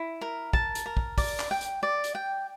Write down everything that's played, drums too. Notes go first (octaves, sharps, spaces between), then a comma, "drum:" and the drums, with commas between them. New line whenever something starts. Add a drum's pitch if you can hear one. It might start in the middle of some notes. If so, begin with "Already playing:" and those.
Already playing: E4
A#4
A5, drum: kick
drum: hi-hat
A#4
drum: kick
D5, drum: kick, open hi-hat
drum: clap
G5
drum: hi-hat
D5
drum: hi-hat
G5